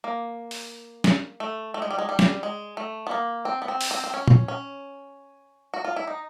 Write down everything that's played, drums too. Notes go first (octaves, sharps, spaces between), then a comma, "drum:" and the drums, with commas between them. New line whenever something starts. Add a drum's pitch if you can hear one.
A#3
drum: open hi-hat
drum: snare
A3
A3
G#3
G3
G#3
G3
drum: snare
G#3
A3
B3
A#3
C4
B3
C4
drum: open hi-hat
C4
C4
C#4
drum: tom
C#4
F#4
F4
E4
D#4